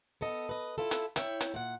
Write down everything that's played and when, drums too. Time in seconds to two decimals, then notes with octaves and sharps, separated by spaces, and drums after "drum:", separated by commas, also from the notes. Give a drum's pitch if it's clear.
0.21 B3 A4 D#5
0.49 B4 D#5
0.78 E4 F4 A4
0.91 drum: hi-hat
1.16 E4 C#5 E5 G5, drum: hi-hat
1.41 drum: hi-hat
1.54 A#2 F#5